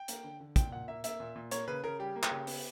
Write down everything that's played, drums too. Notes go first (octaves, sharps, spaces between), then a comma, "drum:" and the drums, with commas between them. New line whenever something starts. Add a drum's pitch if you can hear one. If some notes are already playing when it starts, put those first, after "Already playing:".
Already playing: G5
A#3, drum: hi-hat
D3
D3
A#2 G5, drum: kick, hi-hat
A#2 F#5
A#3 E5
A#3 E5, drum: hi-hat
A#2
A#2
A#3 C#5, drum: hi-hat
C#3 B4
C#3 A#4
G3 G4
A#3
G4, drum: clap
C#3
B3, drum: open hi-hat